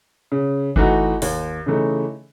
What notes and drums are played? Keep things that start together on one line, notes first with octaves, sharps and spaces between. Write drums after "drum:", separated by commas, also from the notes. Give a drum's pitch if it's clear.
C#3
E3 A3 D#4 F#4, drum: kick G1
D#2, drum: open hi-hat
C#3 E3 A3 D#4